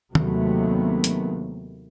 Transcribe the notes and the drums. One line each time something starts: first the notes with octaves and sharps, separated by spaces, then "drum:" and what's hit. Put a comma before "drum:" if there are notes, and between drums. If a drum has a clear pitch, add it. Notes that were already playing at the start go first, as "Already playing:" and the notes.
D#2 C3 F#3 A3 B3, drum: tom D#3
drum: hi-hat